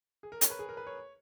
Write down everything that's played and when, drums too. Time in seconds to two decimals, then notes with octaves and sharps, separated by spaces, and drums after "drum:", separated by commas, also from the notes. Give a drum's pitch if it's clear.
0.23 G#4
0.32 A#4
0.41 C#5, drum: hi-hat
0.50 B4
0.59 G#4
0.69 A#4
0.77 B4
0.87 C#5